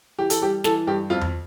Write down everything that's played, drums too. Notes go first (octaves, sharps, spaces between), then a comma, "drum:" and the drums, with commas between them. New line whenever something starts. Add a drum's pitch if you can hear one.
E3 G4
A4, drum: hi-hat
G3 G4
E3 A4, drum: snare
G2 G4
F2 F4
drum: tom E2